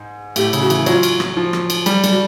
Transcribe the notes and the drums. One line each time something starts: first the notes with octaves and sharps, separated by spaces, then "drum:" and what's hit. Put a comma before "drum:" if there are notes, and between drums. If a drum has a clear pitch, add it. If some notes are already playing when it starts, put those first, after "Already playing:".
Already playing: G#2
A2 G4, drum: cymbal
C#3, drum: cymbal
F#4
E3, drum: cymbal
F#3 F4, drum: cymbal
drum: cymbal
drum: rim click
F3
drum: rim click
drum: cymbal
G3, drum: cymbal
G3, drum: cymbal
F#4